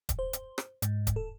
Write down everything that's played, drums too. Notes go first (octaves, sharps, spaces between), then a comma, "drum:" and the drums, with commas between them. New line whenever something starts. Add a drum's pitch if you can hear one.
drum: kick D#1, hi-hat
C5
drum: hi-hat
drum: rim click
G#2, drum: hi-hat
drum: kick D#1, hi-hat
A4